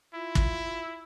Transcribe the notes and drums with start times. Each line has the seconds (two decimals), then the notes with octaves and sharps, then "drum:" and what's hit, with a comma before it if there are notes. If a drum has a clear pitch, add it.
0.14 E4 F4
0.35 drum: kick